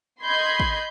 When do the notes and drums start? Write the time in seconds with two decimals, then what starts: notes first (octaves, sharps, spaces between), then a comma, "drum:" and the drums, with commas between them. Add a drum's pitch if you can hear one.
0.23 D#5 B5 C6 G6 G#6 C7
0.60 drum: kick A1